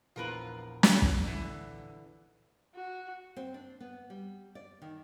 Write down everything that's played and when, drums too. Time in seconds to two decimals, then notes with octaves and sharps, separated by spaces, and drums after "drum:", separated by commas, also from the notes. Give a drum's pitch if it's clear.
0.16 A#1 E2 F3 F4 A#4 B4
0.83 drum: snare
1.02 drum: kick
1.23 D3 E3
2.75 F#4
3.36 C4
3.54 D4
3.80 B3
4.10 G3
4.55 D5
4.82 D#3